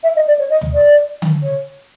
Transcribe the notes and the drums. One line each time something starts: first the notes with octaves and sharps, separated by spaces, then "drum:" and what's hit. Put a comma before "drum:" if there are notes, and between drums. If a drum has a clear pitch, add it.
E5
D#5
D5
C#5
D#5
drum: tom
D5
drum: tom D3
C#5